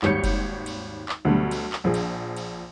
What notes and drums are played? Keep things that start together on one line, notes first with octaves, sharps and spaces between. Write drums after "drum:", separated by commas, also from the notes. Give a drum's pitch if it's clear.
G#1 D#2 G3 C#5 G6 C#7, drum: clap
drum: kick F1, cymbal
drum: cymbal
drum: clap
D2 B2 D3 F#3 G3 A3
drum: cymbal
drum: clap
A#1 F3 G#4
drum: cymbal
drum: cymbal